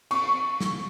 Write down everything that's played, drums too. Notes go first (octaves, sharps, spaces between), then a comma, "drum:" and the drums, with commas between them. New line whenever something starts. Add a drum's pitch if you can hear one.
C#6, drum: cymbal
drum: snare